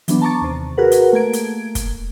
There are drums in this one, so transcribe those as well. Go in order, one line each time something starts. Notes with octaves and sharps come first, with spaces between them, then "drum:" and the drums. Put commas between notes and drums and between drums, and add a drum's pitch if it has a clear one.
E3 F#3 B3 D4, drum: hi-hat
A5 A#5 C#6 D6 A6
D#2 C3
F#4 G#4 A#4 B4 F#5
drum: hi-hat
A3 A#3 G#6 D7
drum: hi-hat
drum: kick, hi-hat